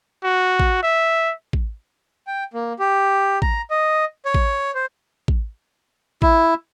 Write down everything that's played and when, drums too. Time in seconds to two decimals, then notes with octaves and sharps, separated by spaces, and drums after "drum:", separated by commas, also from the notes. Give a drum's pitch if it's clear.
0.24 F#4
0.60 drum: kick A1
0.83 E5
1.53 drum: kick A1
2.27 G5
2.54 A#3
2.79 G4
3.42 A#5, drum: kick A1
3.70 D#5
4.25 C#5
4.34 drum: kick A1
4.75 C5
5.28 drum: kick A1
6.22 E4, drum: kick A1